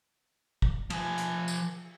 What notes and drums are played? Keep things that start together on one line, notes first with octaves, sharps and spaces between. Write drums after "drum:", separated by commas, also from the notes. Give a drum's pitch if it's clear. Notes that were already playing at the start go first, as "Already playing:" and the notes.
drum: kick
F3 G#5, drum: cymbal
drum: hi-hat
drum: tambourine